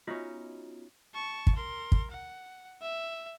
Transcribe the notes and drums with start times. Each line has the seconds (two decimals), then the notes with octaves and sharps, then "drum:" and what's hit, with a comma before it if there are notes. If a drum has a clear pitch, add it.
0.07 B3 C#4 D#4 F4 F#4
1.15 A5 C#6
1.47 drum: kick
1.56 A#4 C6
1.92 drum: kick
2.11 F#5
2.82 E5